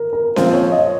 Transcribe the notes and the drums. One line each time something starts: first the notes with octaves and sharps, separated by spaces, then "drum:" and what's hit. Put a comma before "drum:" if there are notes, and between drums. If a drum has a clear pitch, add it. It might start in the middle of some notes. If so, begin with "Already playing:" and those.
Already playing: A#4
A#4
A#2 F3 C4 F4 C5, drum: snare C#4
C#5
D#5